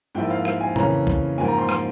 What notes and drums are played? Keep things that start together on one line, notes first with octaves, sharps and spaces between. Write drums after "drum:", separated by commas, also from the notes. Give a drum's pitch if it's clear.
G#2 F3 A#3 E4 G5
F5
F5, drum: rim click
G#5
F2 C#3 E3 A#3 C#4 A#5, drum: tom A2
drum: kick
G#2 F3 A#3 G#5
A#5
C6
C6, drum: rim click